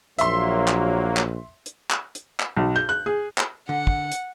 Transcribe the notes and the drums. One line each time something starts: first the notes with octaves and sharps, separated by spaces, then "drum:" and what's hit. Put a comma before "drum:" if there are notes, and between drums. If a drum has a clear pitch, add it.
A#1 F#3 A#3 E5 C6, drum: hi-hat
drum: clap
drum: clap
drum: hi-hat
drum: clap
drum: hi-hat
drum: clap
B1
G6
F#6
G#4
drum: clap
D3 F#5
drum: kick
drum: hi-hat